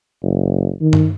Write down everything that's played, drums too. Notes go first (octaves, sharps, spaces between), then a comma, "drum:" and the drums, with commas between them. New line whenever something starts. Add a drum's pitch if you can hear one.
F#1
D#3
drum: tom G2